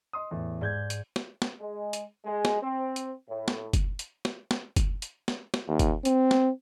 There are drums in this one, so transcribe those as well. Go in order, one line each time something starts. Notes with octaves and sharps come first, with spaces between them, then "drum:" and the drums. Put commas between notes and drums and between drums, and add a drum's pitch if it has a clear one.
D#5 C6 D#6
E2 A2
G#2 D5 G6 G#6
drum: hi-hat
drum: snare
drum: snare
G#3
drum: hi-hat
G#3
drum: snare
C4
drum: hi-hat
A2
drum: snare
drum: kick F#1, hi-hat
drum: hi-hat
drum: snare
drum: snare
drum: kick F#1, hi-hat
drum: hi-hat
drum: snare
drum: snare
D#2
drum: kick F#1, hi-hat
C4, drum: hi-hat
drum: snare